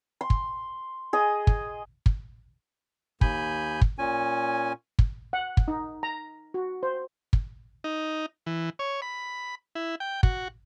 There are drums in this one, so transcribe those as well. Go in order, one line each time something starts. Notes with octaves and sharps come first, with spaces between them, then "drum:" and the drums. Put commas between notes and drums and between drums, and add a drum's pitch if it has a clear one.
C6
drum: kick
G#4 D#5
drum: kick
drum: kick
D#2 G#5 B5 G6, drum: kick
drum: kick
A#2 C#4 G#5
drum: kick
F#5
drum: kick
D#4
A#5
F#4
C5
drum: kick
D#4
E3
C#5
B5
E4
G5
F#4, drum: kick